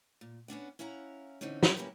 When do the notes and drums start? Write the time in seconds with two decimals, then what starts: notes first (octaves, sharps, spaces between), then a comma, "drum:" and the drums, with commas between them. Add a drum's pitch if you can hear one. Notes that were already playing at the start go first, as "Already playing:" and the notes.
0.21 A#2
0.48 B3 C#4 D4 F#5
0.79 C#4 E4 F5 F#5 A#5
1.41 D3 E3 C4 C#4 D#4
1.63 drum: snare
1.77 A#3 C#4 E4 G4 A#4 B4